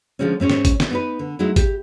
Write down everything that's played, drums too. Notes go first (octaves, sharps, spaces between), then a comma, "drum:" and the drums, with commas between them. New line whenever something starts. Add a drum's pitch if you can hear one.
D3 F3 F#3 G#3 C4 C#4
G#2 C4 C#4 C#5
drum: snare
drum: kick G#1, hi-hat
drum: snare
B3 D#4 B4
D3
F#3 G#3 A3 D#4 E4
G4, drum: kick G#1, hi-hat